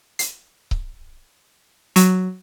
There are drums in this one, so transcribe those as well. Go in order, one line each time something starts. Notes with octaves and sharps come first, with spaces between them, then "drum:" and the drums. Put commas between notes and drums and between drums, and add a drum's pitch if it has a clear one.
C7, drum: hi-hat
drum: kick C#1
F#3, drum: hi-hat